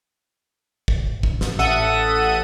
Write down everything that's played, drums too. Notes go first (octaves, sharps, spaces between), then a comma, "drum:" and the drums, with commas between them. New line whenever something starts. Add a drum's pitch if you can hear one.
drum: kick
drum: kick
drum: snare
A1 A4 E5 F#5 D#6 D#7